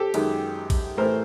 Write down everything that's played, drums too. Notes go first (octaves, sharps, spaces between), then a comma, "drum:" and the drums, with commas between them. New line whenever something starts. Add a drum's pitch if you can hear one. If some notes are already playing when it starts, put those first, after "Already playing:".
Already playing: G4 A4
F#2 D#3 G#3, drum: cymbal
drum: kick A#1, cymbal
A2 E3 A3 A#4 C5